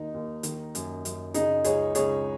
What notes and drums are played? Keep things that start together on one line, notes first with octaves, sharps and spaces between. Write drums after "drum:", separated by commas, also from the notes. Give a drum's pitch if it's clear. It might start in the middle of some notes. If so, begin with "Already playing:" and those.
Already playing: D#2 D#3 D#4
D#2
D#3, drum: hi-hat
F#2, drum: hi-hat
F#2, drum: hi-hat
C#3 D#4 G#4, drum: hi-hat
C#2 G#4 C#5, drum: hi-hat
C#2 G#4 C#5, drum: hi-hat